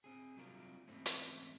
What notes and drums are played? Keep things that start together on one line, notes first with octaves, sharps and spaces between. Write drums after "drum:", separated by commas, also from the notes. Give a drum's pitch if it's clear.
C4 G#4
C3 F#3 G3 F4 A#4
G#2 E3 A3 C4 C#4
drum: hi-hat